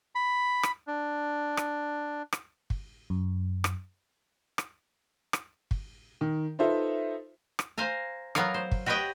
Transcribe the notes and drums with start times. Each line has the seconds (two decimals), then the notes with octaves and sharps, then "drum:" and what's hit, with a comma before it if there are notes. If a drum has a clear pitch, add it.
0.15 B5
0.63 drum: rim click
0.87 D4
1.57 drum: rim click
2.33 drum: rim click
2.70 drum: kick
3.10 F#2
3.64 drum: rim click
4.58 drum: rim click
5.33 drum: rim click
5.71 drum: kick
6.21 D#3
6.59 D#4 F4 A4 B4 C5 E5
7.59 drum: rim click
7.78 C5 F5 G#5 A#5
8.35 F#3 B3 A#4 C#5 F5, drum: rim click
8.54 C5
8.72 drum: kick
8.86 F#4 G4 B4 C#5 D#5 G5